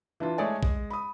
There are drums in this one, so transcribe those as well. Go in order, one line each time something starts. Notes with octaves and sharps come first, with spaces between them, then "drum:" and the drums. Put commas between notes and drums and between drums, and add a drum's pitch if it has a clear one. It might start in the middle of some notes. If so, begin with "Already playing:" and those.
E3 D4 F4
G#3 A3 G#4 C#5 D5 G#5
G#3, drum: kick A#1
B5 D#6